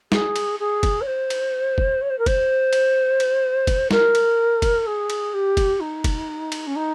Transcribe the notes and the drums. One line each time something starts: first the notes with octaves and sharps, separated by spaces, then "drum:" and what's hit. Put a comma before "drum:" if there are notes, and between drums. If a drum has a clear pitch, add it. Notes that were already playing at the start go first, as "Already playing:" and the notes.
G#4, drum: snare
drum: cymbal
G#4
drum: kick, cymbal
C#5
C5
drum: cymbal
drum: kick
C#5
C5
A#4
C5, drum: kick, cymbal
drum: cymbal
drum: cymbal
drum: kick, cymbal
A#4, drum: snare
drum: cymbal
drum: kick, cymbal
G#4
drum: cymbal
G4
drum: kick, cymbal
D#4
drum: kick, cymbal
drum: cymbal
C#4
D#4